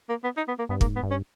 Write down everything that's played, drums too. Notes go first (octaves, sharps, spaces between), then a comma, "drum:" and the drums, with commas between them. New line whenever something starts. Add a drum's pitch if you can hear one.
A#3
B3
D#4
B3
A#3
G2 B3
G#2 A#3, drum: kick
B3
G2
C#4